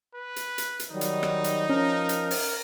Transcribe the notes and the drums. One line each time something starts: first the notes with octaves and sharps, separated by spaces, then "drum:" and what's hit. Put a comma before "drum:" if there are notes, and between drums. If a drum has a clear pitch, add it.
B4
drum: hi-hat
drum: hi-hat
drum: hi-hat
D#3 F#3 G3 D#4
drum: hi-hat
drum: rim click
drum: hi-hat
F3 C#4 A#4
drum: hi-hat
drum: open hi-hat